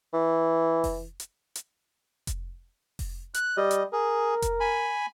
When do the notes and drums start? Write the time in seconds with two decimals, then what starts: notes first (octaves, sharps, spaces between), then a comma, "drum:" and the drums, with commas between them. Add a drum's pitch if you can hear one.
0.13 E3
0.84 drum: kick F1, open hi-hat
1.20 drum: hi-hat
1.55 drum: hi-hat
2.27 drum: kick F1, hi-hat
2.99 drum: kick F1, open hi-hat
3.34 F#6, drum: hi-hat
3.57 G3 D#5
3.71 drum: hi-hat
3.93 G#4 A#4
4.42 drum: kick F1, hi-hat
4.60 G#5 B5